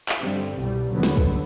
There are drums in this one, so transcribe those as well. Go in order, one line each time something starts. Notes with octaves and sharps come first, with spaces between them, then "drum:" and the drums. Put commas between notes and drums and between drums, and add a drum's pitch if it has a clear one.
drum: clap
G2 D3 G3 C4
C2 B2 G3
D#2 D3 F#3 B3
drum: snare
drum: kick